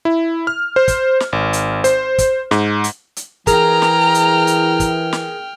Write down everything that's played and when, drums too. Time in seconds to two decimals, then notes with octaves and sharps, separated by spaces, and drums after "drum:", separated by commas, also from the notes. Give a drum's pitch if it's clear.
0.05 E4
0.47 F6
0.76 C5
0.88 drum: kick, hi-hat
1.20 drum: snare
1.33 G#1
1.53 drum: hi-hat
1.84 C5, drum: hi-hat
2.18 drum: kick, hi-hat
2.51 G#2, drum: snare
2.84 drum: hi-hat
3.16 drum: hi-hat
3.47 E3 G#4 A#4 G5 A#5 F6, drum: kick, hi-hat
3.82 drum: snare
4.15 drum: hi-hat
4.47 drum: hi-hat
4.80 drum: kick, hi-hat
5.13 drum: snare